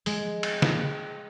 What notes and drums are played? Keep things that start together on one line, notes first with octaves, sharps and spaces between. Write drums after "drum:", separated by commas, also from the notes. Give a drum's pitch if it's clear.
G#3, drum: open hi-hat
drum: cymbal
drum: snare